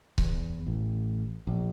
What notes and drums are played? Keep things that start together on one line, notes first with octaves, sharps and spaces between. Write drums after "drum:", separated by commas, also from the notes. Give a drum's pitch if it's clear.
E2, drum: kick C#1
A1
A#1